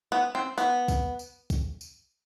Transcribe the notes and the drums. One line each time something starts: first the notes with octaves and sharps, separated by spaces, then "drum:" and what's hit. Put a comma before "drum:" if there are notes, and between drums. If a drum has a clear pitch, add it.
B3
C4
B3, drum: tambourine
drum: kick, tambourine
drum: tambourine
drum: kick, tambourine
drum: tambourine